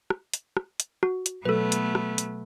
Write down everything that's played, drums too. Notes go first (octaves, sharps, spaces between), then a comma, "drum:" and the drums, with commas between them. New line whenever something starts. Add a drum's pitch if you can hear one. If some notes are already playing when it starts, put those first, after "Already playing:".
drum: rim click
drum: hi-hat
drum: rim click
drum: hi-hat
F#4, drum: rim click
drum: hi-hat
B2 F#3 A3 B3 A4 B4
drum: hi-hat
drum: rim click
drum: hi-hat